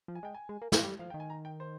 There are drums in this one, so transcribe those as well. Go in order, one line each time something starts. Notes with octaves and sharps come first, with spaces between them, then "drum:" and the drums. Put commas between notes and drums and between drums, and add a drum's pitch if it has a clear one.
F3
G#5
G#3 G5
G#5
G#3
A#3
A#3, drum: snare
G3
F3 F5
D#3 G5
G#5
A#5
G5
C5